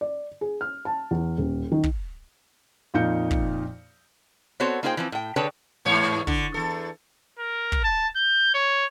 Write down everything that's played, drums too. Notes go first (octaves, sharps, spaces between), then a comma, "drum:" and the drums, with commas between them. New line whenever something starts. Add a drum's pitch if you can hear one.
D5
G#4
F6
A5
E2
D#1
D#3
drum: kick
F2 A#2 D#4 F5 G6 C#7
drum: kick
B3 C4 F#4 A4 C5 C#5
A#3 D#4 F4 G#4 C5 G5
E3 F3 C4
A2 G5
D3 G#4 B4 C#5 G5 A5
E2 G#2 C#5
D3, drum: kick
E2 A4
A#4
drum: kick
A5
G6
C#5